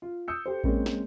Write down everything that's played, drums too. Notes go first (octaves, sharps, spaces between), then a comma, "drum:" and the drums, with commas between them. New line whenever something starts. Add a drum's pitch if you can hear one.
F4
D#6 E6 G6 C#7
G4 A4 C5
G#3 A#3 C4 C#4 A#4, drum: kick A1
drum: snare